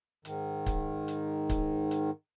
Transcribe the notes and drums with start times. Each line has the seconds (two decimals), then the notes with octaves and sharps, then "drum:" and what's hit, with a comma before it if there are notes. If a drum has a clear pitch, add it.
0.25 G#2 D#3, drum: hi-hat
0.66 drum: kick, hi-hat
1.08 drum: hi-hat
1.50 drum: kick, hi-hat
1.91 drum: hi-hat